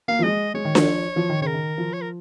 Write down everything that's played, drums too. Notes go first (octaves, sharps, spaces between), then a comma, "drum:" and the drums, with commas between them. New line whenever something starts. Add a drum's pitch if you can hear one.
A#3 F5
F3
G#3 D#5
G#3 C#5
D#3
F3, drum: snare D4
F3
D#3
C#3 C#5
A#4
D#3
F3
C#5
A#4